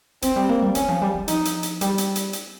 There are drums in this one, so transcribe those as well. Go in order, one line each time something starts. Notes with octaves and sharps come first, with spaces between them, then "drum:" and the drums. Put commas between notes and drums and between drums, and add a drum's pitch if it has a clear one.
F3 C4, drum: hi-hat
G3
A#3
G3
D#3 C#4, drum: hi-hat
F3
G3
G3
F3 D#4, drum: hi-hat
drum: hi-hat
drum: hi-hat
G3, drum: hi-hat
drum: hi-hat
drum: hi-hat
drum: hi-hat